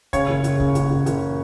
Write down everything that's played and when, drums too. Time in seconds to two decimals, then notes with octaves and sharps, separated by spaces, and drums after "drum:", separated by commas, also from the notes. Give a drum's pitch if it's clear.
0.13 C#3 C#5, drum: kick, hi-hat
0.29 F#1
0.44 F#1, drum: hi-hat
0.60 C#3, drum: kick
0.75 F#1, drum: hi-hat
0.91 F#1
1.06 F#1, drum: hi-hat